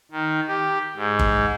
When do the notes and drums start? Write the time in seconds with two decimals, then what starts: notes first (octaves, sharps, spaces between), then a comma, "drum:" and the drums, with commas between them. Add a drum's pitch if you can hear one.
0.11 D#3
0.47 G4
0.97 G#2
1.19 drum: kick G1